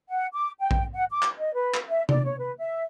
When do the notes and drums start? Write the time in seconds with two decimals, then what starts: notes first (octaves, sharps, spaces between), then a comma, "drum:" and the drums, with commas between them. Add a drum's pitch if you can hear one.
0.09 F#5
0.33 D6
0.60 G5
0.71 drum: kick A#1
0.94 F#5
1.11 D6
1.22 drum: clap
1.39 D#5
1.53 B4
1.74 drum: clap
1.89 E5
2.09 D5, drum: tom C3
2.24 C#5
2.38 B4
2.58 E5